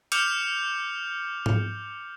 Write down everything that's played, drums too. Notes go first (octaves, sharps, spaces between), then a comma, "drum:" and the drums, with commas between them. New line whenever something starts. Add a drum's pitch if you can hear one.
D6 F6 G6 C#7 F7, drum: hi-hat
drum: tom G#2